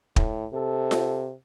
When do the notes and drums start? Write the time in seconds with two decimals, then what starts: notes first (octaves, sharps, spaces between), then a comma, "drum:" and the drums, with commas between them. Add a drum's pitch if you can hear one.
0.16 A2, drum: kick
0.53 C3 A4
0.91 drum: snare F4